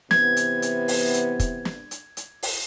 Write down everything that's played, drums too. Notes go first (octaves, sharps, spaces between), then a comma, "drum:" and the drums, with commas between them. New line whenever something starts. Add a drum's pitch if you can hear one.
C3 E3 B3 G#6, drum: snare
drum: hi-hat
drum: hi-hat
drum: open hi-hat
drum: hi-hat
drum: kick, hi-hat
drum: snare
drum: hi-hat
drum: hi-hat
drum: open hi-hat